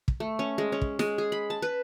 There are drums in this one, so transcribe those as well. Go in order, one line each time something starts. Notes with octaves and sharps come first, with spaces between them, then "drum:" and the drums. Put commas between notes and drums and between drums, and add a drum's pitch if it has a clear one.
drum: kick
A3
C#4
G#3
C#4
drum: kick
G#3, drum: snare
G#4
B5
A5
B4